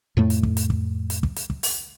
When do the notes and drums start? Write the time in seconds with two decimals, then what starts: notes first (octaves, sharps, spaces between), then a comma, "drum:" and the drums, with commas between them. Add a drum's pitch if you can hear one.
0.17 F2 A2 A3
0.30 drum: hi-hat
0.43 drum: kick
0.57 drum: hi-hat
0.70 drum: kick
1.10 drum: hi-hat
1.23 drum: kick
1.36 drum: hi-hat
1.50 drum: kick
1.63 drum: open hi-hat